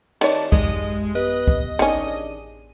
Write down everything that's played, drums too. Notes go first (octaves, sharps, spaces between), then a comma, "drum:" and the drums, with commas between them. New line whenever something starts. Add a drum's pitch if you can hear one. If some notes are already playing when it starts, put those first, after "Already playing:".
D#3 C#5 D5 A5, drum: cymbal
A1 F#2 G#3 G4 D#5, drum: kick C#2
B3 G4 B4 D#5
drum: kick C#2
A1 D#3 C#4 D4 G#4 D#7